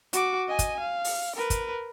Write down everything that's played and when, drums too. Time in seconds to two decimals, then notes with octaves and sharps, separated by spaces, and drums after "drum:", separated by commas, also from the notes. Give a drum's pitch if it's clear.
0.13 F#4 D6, drum: hi-hat
0.48 D#5 G#5
0.59 drum: kick, hi-hat
0.80 F5
1.04 drum: open hi-hat
1.36 A#4 B4
1.50 drum: kick, hi-hat